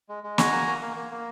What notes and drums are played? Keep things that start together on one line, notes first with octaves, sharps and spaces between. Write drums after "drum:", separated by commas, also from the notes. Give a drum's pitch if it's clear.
G#3
G#3
F#4 G#5 A#5, drum: snare
A#3
A#3
A#3
A#3
A#3